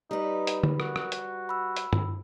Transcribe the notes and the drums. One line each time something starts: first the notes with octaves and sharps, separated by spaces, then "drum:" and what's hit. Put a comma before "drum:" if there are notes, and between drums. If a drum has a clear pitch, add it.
G3 D#4 G4 B4
drum: hi-hat
drum: tom D3
F#4, drum: rim click
drum: rim click
drum: hi-hat
B5 E6
drum: hi-hat
drum: tom G2